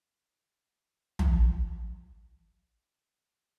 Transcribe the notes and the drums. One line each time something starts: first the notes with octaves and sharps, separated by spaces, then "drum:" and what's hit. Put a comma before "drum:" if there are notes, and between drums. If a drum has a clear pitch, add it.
G#2 D4 E4 A#4 C5
drum: tom
D4 F#4 G4 A4 C#5
C4 D4 B4 C6
B4 G5 E6